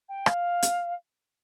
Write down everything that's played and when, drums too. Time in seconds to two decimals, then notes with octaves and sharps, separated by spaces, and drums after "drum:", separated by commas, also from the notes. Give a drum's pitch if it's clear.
0.09 G5
0.26 F5, drum: rim click
0.63 drum: hi-hat